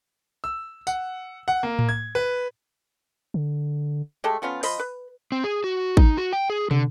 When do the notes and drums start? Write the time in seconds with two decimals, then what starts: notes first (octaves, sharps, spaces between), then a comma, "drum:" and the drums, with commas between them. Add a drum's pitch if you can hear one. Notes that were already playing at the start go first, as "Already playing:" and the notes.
0.44 E6
0.87 F#5, drum: tambourine
1.48 F#5
1.63 A#3
1.79 drum: tom A2
1.89 G#6
2.15 B4
3.34 D3
4.24 G#3 A3 G4 A4
4.42 F3 B3 C#4 F4
4.63 F3 C5 D#5 B5, drum: open hi-hat
4.79 B4
5.32 C4
5.44 G#4
5.64 F#4
5.97 D#4, drum: kick
6.17 F#4
6.33 G5
6.50 G#4
6.71 D3, drum: tom